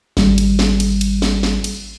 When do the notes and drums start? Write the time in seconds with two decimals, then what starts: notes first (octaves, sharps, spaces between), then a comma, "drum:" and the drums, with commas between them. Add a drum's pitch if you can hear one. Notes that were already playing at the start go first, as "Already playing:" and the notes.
0.17 G#1 G3, drum: snare
0.38 drum: cymbal
0.59 drum: snare
0.80 drum: cymbal
1.01 drum: cymbal
1.22 drum: snare
1.43 drum: snare
1.64 drum: cymbal